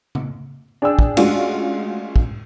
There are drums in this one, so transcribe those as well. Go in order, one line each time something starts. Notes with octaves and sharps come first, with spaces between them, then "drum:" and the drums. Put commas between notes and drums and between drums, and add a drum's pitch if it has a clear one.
drum: tom C#3
D4 G#4 D5 G5 E6
drum: kick
G#3 A3 C#4 D4 F4 F#4, drum: cymbal
drum: kick